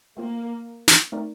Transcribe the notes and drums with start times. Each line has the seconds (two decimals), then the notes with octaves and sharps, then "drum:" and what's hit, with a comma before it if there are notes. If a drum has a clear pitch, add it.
0.17 A3 A#3 C4 F4 C5
0.88 drum: snare
1.12 A3 C4 D#4 A#4 D5